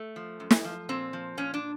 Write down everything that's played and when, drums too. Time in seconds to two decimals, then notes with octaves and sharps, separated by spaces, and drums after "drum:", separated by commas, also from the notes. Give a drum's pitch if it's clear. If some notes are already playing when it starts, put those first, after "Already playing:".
Already playing: A3
0.16 F3
0.40 F#2
0.51 drum: snare
0.64 F3
0.89 A#2 C4
1.13 F3
1.37 A#2 C#4
1.54 D4